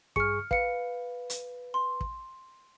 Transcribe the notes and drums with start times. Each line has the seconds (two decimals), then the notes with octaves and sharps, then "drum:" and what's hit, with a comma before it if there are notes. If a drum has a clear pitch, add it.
0.16 G2 G#4 C#6 F6 C#7, drum: kick
0.51 B4 F5 C#7, drum: kick
1.30 drum: hi-hat
1.74 C6
2.01 drum: kick